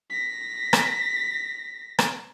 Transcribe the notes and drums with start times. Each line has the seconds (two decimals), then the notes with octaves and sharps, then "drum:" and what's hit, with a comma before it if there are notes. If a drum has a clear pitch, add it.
0.10 A#6 B6
0.73 drum: rim click
1.99 drum: rim click